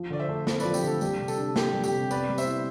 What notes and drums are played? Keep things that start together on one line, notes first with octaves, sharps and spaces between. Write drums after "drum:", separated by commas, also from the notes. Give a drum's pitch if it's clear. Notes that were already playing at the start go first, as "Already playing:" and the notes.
Already playing: F3
D3 D5
C5 E5
A3
C4, drum: snare
F3 B4 D5, drum: tambourine
G4, drum: tambourine
D3 A4
G3 G4, drum: tambourine
C3
A4, drum: tambourine
D4
G4 A4, drum: snare
G3
G4, drum: tambourine
C3
B3 B4 D5, drum: tambourine
G3
C5 E5, drum: tambourine
E4